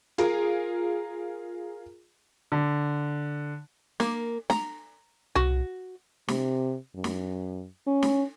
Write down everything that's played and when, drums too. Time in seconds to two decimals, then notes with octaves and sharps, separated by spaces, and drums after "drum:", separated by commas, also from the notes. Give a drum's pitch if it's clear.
0.18 F4 G#4 A#4, drum: hi-hat
2.52 D3
4.00 A#3, drum: snare
4.50 A#5, drum: snare
5.35 F#4, drum: tom C2
6.28 C3, drum: snare
6.95 F#2
7.04 drum: snare
7.87 C#4
8.03 drum: snare